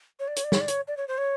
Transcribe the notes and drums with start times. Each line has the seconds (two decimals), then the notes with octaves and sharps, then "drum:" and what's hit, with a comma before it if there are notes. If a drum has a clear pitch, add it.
0.19 C#5
0.28 D5
0.36 C#5, drum: hi-hat
0.44 D5
0.52 C#5, drum: snare
0.61 D5
0.68 C#5, drum: hi-hat
0.88 D5
0.97 C#5
1.08 C5
1.18 C#5